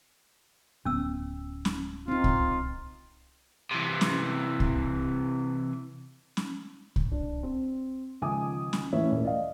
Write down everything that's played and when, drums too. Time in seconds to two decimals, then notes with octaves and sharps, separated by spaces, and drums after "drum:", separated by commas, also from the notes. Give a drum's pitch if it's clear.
0.85 D1 B3 C#4 E6
1.65 drum: snare C#4
2.08 C4 D#4 F4
2.24 drum: kick C2
3.71 C3 E3
4.01 drum: snare C#4
4.60 drum: kick C2
6.37 drum: snare C#4
6.96 drum: kick C2
7.12 D4
7.43 C4
8.22 C#2 D#3 F3 G#5 D6 D#6
8.73 drum: snare C#4
8.92 A2 E3 A3 C#4 C#5 E5
9.11 D#1
9.24 D5 D#5 F5